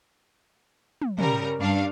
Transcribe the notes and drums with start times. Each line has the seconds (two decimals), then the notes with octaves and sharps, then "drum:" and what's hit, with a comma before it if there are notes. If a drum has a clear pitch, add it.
1.02 drum: tom
1.19 C#3 G3 A#4, drum: tom
1.59 G2 D4 F5